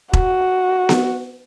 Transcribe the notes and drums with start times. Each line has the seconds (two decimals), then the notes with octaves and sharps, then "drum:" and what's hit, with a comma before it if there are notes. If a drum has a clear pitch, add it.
0.13 F#4, drum: kick E1
0.89 drum: snare B3